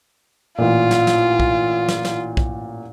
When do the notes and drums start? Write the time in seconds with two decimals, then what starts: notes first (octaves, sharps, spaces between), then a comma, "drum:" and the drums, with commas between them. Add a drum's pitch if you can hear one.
0.58 A1 A#2 F4
0.91 drum: snare
1.07 drum: snare
1.40 drum: kick
1.88 drum: snare
2.05 drum: snare
2.37 drum: kick